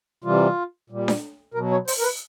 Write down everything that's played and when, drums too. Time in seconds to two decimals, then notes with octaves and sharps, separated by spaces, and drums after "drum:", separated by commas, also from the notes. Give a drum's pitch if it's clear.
0.24 C3 E3 G3 F4
0.90 A#2 G3
1.08 drum: snare D4
1.54 B2 F#3 A#4
1.71 C#5
1.88 C5, drum: open hi-hat
1.98 A#4
2.03 B4